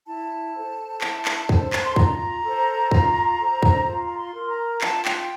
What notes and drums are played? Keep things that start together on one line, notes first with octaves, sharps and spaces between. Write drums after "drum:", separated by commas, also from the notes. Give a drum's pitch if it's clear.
E4 A5
A4 C5
E4, drum: clap
drum: clap
A4 C5, drum: kick
drum: clap
C6
F4 A#5, drum: kick
A4 C5
F4, drum: kick
A4 C5
drum: kick
F4 A#5
A#5
C6
A#4
A#5
F4 A5, drum: clap
G5, drum: clap